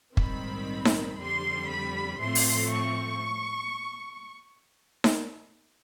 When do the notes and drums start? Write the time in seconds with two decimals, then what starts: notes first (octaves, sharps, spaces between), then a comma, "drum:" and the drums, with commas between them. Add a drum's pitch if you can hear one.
0.17 A#1 G#2 D#3 G3 C4 B5, drum: kick
0.85 drum: snare D#4
1.18 F2 D3 G3 C4 C6
1.68 B5
2.19 A2 F3 A3 C4 C6
2.35 drum: open hi-hat
2.69 C#6
5.04 drum: snare D#4